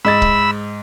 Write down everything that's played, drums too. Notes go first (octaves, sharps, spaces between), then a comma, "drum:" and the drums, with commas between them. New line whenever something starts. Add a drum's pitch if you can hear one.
G#2 D#5 B5 E6 A6
drum: kick